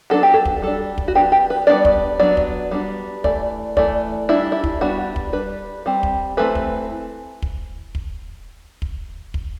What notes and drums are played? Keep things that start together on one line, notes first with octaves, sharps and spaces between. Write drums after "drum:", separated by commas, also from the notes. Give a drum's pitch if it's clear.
F#3 B3 D4 A4
G4
A4
drum: kick
G3 D4 A4
drum: kick
F#4
F#3 B3 D4 G4
G4
B4
G3 B3 D4 D5
drum: kick
F#3 B3 D4 D5
drum: kick
G3 B3 D4
E3 A3 D5, drum: kick
E3 A3 D5, drum: kick
G3 D4 E4
E4
drum: kick
G3 B3 D4 F#4
drum: kick
G3 D4 B4
G3 C4
drum: kick
E3 A3 C4 B4
drum: kick
drum: kick
drum: kick
drum: kick
drum: kick